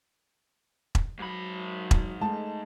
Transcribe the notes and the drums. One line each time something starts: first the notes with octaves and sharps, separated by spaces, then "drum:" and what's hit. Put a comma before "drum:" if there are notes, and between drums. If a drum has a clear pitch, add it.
drum: kick E1
G#2 F#3 B5
drum: kick E1
G#3 A3 A5